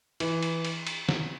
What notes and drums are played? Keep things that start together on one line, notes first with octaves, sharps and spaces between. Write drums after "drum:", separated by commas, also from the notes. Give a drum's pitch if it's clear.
E3, drum: cymbal
drum: cymbal
drum: cymbal
drum: cymbal
drum: snare